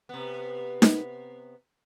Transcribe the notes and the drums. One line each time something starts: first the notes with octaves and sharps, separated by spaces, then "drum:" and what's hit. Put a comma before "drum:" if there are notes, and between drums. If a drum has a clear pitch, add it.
C3 B3
drum: snare D#4